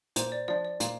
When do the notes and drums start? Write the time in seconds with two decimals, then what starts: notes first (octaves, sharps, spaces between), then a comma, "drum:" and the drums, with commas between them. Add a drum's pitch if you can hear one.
0.16 A#2 C5, drum: hi-hat
0.32 D5
0.48 F3 D4 D5
0.65 D5
0.80 A#2 F5, drum: hi-hat